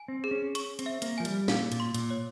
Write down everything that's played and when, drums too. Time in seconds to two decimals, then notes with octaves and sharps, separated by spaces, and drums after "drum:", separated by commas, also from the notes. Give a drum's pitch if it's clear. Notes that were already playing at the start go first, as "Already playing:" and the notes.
Already playing: G#5
0.08 C4
0.24 G#4
0.31 C#4
0.55 C#6, drum: hi-hat
0.79 C4, drum: hi-hat
0.86 E5
1.02 A#3, drum: hi-hat
1.18 F3 G#5
1.25 G3, drum: hi-hat
1.48 A#2 F5, drum: snare
1.72 A#2, drum: hi-hat
1.80 C6
1.94 A#2, drum: hi-hat
2.10 C#5